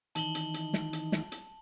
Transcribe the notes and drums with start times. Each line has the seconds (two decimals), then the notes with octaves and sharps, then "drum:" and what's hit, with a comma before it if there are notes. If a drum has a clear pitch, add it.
0.15 D#3 E3 D#4 A5 F#7 G7, drum: hi-hat
0.35 drum: hi-hat
0.54 drum: hi-hat
0.73 drum: snare
0.93 drum: hi-hat
1.12 drum: snare
1.32 drum: hi-hat